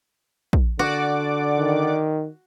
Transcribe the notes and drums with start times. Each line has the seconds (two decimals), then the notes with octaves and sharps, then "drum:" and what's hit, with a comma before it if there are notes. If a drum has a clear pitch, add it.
0.53 drum: kick
0.79 D3 F#4 D5 F#5 D6, drum: rim click
1.58 D#3